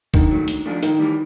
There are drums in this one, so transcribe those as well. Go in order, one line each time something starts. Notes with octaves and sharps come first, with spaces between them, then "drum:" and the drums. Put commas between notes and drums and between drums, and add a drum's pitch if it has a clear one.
D3 D#3, drum: kick
F#3 A3
D3, drum: hi-hat
F3 A3 D4 F4
A2 D#3, drum: hi-hat
E3 G3